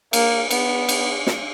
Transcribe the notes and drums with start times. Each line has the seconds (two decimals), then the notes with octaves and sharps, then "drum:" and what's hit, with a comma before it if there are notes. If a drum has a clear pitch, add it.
0.13 A#3, drum: cymbal
0.51 B3, drum: cymbal
0.89 drum: cymbal
1.27 drum: snare